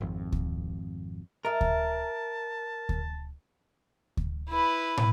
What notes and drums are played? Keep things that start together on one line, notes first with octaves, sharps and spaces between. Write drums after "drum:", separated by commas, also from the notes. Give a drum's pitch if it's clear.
G#1 F2
drum: kick D2
A#4 D#5 E5 A5
drum: kick D2
drum: kick D2
drum: kick D2
E4 B4
drum: tom